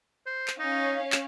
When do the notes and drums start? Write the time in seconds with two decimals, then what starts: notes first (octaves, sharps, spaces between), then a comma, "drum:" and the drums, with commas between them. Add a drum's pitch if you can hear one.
0.26 C5
0.48 drum: clap
0.59 C#4 D#4 F5
1.12 drum: clap